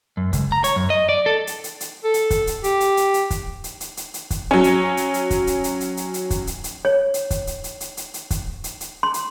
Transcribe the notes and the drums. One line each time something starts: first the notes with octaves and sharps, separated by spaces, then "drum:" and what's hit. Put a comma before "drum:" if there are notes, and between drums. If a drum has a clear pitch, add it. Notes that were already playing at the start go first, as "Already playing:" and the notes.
F#2
C#2, drum: kick, hi-hat
A#5
C#5, drum: hi-hat
F#2
D#5
D5
A4
drum: hi-hat
drum: hi-hat
drum: hi-hat
A4
drum: hi-hat
drum: kick, hi-hat
drum: hi-hat
G4, drum: hi-hat
drum: hi-hat
drum: hi-hat
drum: hi-hat
drum: kick, hi-hat
drum: hi-hat
drum: hi-hat
drum: hi-hat
drum: hi-hat
drum: kick, hi-hat
F#3 C#4
drum: hi-hat
drum: hi-hat
drum: hi-hat
drum: kick, hi-hat
drum: hi-hat
drum: hi-hat
drum: hi-hat
drum: hi-hat
drum: hi-hat
drum: kick, hi-hat
drum: hi-hat
drum: hi-hat
C#5
drum: hi-hat
drum: kick, hi-hat
drum: hi-hat
drum: hi-hat
drum: hi-hat
drum: hi-hat
drum: hi-hat
drum: kick, hi-hat
drum: hi-hat
drum: hi-hat
C6
drum: hi-hat